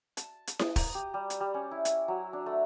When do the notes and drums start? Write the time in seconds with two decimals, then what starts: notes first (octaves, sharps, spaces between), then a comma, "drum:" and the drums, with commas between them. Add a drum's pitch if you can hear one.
0.17 A5, drum: hi-hat
0.47 drum: hi-hat
0.59 D#6, drum: snare E4
0.76 A#5, drum: kick, open hi-hat
0.95 G4
1.14 G3
1.30 drum: hi-hat
1.40 G3
1.54 C#4
1.71 E4
1.85 drum: hi-hat
2.08 F#3
2.33 D4
2.46 A3